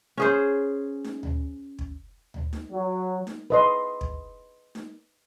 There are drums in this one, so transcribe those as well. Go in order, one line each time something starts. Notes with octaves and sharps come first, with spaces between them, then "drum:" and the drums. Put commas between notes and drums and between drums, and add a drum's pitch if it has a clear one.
C#4 G#4 C5
drum: snare D#4
drum: tom D2
drum: kick
drum: tom D2
drum: snare D#4
F#3
drum: snare D#4
B4 D#5 C6
drum: kick
drum: snare D#4